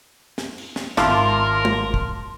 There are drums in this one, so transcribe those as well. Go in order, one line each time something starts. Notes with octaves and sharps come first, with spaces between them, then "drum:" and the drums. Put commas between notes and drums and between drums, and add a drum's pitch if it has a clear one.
drum: snare
drum: cymbal
drum: snare
G#1 F3 E4 F4 A#4 A5 C6 D6, drum: snare
drum: tom
drum: kick